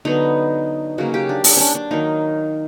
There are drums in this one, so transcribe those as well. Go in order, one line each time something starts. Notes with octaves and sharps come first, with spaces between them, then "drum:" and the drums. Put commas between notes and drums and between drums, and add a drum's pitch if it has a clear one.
D3 F#3 B3 D#4
C#3 F#3 A#3 F#4
G4
D4
D4, drum: open hi-hat
C#4 D4
D4
D#3 F#3 A#3 D#4